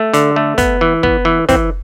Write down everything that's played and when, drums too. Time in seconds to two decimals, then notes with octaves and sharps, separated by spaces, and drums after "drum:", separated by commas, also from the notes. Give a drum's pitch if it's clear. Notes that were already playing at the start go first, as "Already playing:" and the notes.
Already playing: A3
0.14 D3, drum: hi-hat
0.36 A3
0.58 B3, drum: kick, hi-hat
0.81 E3
1.03 B3, drum: kick
1.25 E3
1.49 E3 C4, drum: kick, hi-hat